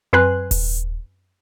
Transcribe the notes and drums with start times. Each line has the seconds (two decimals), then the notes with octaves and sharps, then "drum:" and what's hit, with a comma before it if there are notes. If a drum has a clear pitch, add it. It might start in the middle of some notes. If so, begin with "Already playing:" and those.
0.13 F#2 C4 B4 G#5 C6 F#6
0.51 drum: kick D#1, open hi-hat